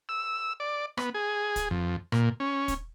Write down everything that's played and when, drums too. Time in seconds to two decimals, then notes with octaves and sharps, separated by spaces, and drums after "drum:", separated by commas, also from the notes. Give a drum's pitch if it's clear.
0.09 E6
0.60 D5
0.97 B3, drum: rim click
1.14 G#4
1.56 drum: kick, hi-hat
1.71 F2
2.12 A#2, drum: rim click
2.40 C#4
2.68 drum: kick, hi-hat